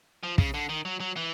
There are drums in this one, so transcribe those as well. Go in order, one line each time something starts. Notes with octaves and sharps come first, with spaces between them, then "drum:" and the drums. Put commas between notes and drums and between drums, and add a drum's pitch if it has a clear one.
F3
C#3, drum: kick
D3
D#3
F#3
F#3
E3